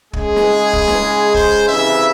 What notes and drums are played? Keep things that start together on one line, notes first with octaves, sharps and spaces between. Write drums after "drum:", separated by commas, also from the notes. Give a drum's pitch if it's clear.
C#3 G#3 G#4, drum: kick
drum: snare
drum: kick
drum: snare
C5, drum: kick
C2 C#3 E3 E5